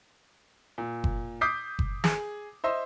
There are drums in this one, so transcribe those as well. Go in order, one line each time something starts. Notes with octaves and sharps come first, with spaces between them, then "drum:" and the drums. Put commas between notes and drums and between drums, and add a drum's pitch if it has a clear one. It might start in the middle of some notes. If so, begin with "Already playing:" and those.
A#2
drum: kick F#1
D6 D#6 G6 B6 C7
drum: kick F#1
G#4, drum: snare
C5 D#5 E5 C6